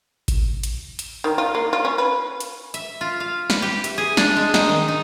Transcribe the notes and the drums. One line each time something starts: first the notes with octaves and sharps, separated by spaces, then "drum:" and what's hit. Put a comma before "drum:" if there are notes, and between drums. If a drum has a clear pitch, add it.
drum: kick G#1, hi-hat
drum: hi-hat
drum: hi-hat
D#3
F4
A#3
F4
C#4
B4
drum: hi-hat
E5, drum: hi-hat
F4
F5
B4, drum: snare
G4
E5, drum: hi-hat
G#4
D4, drum: snare
G#3
D#4, drum: snare
D#3
D#4